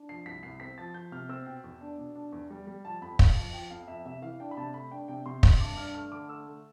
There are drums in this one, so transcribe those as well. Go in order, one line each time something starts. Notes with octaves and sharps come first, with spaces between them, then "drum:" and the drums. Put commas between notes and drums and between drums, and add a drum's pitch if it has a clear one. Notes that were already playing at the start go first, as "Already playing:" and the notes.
Already playing: D4
F3 C7
C2 B6
C2 C7
C4 B6
F3 A6
F3 G6
C3 F6
C4 E6
B2 G5
E2
D4
B2
D4
E2
G3
G3
F3 A5
F2 B5
F2 F5, drum: kick
F3
F3 G5
F2 F5
F2 E5
C3 E5
E3 F5
D4 G5
B5
C3 A5
A3 B5
D4 G5
C3 G5
C3 C6
C3 C6, drum: kick
G2 D6
D4 F6
A3 F6
D3 D6
A3 E6
A3